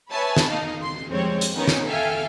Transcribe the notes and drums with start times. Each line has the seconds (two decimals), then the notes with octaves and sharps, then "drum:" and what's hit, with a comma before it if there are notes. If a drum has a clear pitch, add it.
0.10 B4 C#5 E5 G#5 A5 B5
0.36 drum: snare
0.50 A#3 D#4 D#5 F5
0.81 C6
1.10 F2 F3 G3 G#3 C4 C#5
1.41 drum: hi-hat
1.56 D#3 B3 C#4 D#4 A#4 B4
1.67 drum: snare
1.87 A4 E5 F5 G5 G#5 F6